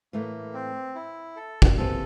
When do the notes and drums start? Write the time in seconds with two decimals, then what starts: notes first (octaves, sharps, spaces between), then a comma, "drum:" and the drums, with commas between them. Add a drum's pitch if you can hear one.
0.13 A2 E3 A3 A#3
0.54 C4
0.95 E4
1.36 A4
1.62 drum: kick
1.78 E2 C3 E3 A#3 A4